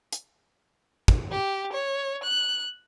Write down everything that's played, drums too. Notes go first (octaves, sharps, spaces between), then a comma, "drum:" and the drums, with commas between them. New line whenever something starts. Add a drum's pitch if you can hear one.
drum: hi-hat
drum: kick
G4
C#5
F#6